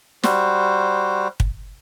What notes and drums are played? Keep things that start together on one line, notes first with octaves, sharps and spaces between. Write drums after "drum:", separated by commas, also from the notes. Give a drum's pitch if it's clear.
G3 F#4 C5, drum: snare
drum: kick